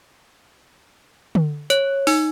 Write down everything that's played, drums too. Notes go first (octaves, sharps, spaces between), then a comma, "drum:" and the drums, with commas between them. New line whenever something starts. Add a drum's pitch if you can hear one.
drum: tom D3
C#5, drum: hi-hat
D#4, drum: open hi-hat